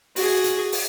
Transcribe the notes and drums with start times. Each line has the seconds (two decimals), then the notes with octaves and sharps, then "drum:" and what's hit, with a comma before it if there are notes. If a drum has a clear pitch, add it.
0.16 F#4 G#4, drum: open hi-hat
0.44 drum: hi-hat
0.72 drum: open hi-hat